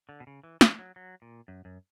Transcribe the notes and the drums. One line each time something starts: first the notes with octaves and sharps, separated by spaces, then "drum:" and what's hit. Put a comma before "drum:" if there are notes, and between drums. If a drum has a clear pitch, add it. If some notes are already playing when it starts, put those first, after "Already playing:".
D3
B2
C#3
E3
E3, drum: snare
F#3
F#3
A#2
F#2
F#2